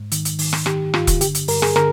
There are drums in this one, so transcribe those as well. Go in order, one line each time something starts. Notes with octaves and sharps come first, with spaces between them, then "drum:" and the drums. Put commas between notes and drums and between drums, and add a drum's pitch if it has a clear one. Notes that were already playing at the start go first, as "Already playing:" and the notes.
Already playing: G#2
D#3, drum: hi-hat
drum: hi-hat
D#3, drum: open hi-hat
drum: rim click
D#3 G4, drum: rim click
G2 F4, drum: rim click
drum: kick E1, hi-hat
D3 G4, drum: hi-hat
drum: hi-hat
G2 A#4, drum: open hi-hat
G#4, drum: rim click
D3 A#4, drum: rim click